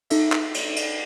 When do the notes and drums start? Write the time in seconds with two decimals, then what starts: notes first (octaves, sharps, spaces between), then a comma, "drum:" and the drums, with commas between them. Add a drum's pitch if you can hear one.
0.10 D#4 A4 E5, drum: cymbal
0.32 drum: clap
0.54 drum: cymbal
0.76 drum: cymbal